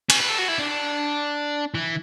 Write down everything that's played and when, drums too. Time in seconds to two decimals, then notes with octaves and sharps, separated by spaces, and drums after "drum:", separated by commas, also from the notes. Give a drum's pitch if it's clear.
0.10 C#4, drum: cymbal
0.19 B4
0.29 A4
0.38 F#4
0.49 E4
0.59 D4
1.75 E3